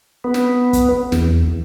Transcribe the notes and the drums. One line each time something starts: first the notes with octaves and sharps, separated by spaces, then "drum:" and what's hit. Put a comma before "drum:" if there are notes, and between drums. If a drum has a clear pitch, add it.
B3
drum: snare
drum: kick, hi-hat
E2, drum: snare